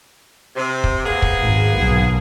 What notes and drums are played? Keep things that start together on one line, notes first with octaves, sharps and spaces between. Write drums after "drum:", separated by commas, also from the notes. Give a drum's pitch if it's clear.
C3
drum: kick
A#3 B3 G#4
drum: kick
G#1
B1